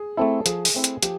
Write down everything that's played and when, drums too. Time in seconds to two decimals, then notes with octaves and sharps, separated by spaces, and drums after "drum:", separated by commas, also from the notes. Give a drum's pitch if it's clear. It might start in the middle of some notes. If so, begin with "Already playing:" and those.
Already playing: G#4
0.17 A3 C4 E4 A4
0.46 F3 G#4, drum: hi-hat
0.65 drum: open hi-hat
0.74 A3 C4 E4
0.84 drum: hi-hat
1.03 F3 G4, drum: hi-hat